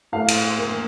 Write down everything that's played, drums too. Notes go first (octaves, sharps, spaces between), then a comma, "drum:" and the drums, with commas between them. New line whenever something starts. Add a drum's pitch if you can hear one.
A2 F5
drum: cymbal
A#3